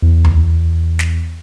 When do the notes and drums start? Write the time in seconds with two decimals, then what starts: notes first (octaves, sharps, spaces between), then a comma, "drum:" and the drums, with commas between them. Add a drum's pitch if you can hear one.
0.02 E2
0.25 drum: tom D2
0.99 drum: snare